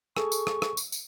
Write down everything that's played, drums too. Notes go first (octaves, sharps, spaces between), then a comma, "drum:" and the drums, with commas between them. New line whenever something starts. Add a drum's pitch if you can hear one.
G#4 A4 C#6, drum: rim click
drum: tambourine
drum: rim click
drum: rim click
drum: tambourine
drum: tambourine